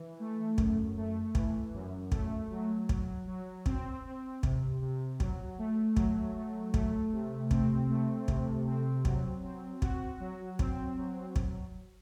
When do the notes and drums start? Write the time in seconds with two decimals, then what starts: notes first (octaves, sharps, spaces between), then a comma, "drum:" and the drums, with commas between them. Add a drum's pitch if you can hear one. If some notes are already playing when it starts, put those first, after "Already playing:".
Already playing: E3
0.20 A3
0.58 F#2, drum: kick
0.97 A3
1.35 E3, drum: kick
1.74 F#2
2.12 A3, drum: kick
2.51 F#3
2.89 F#3, drum: kick
3.27 F#3
3.66 C4, drum: kick
4.04 C4
4.43 C3, drum: kick
4.81 C3
5.20 F#3, drum: kick
5.58 A3
5.97 F#3, drum: kick
6.35 A3
6.74 A3, drum: kick
7.12 C3
7.51 C4, drum: kick
7.89 A3
8.28 C3, drum: kick
8.66 C4
9.05 F#3, drum: kick
9.43 C4
9.82 F#4, drum: kick
10.20 F#3
10.59 C4, drum: kick
10.97 F#3
11.36 drum: kick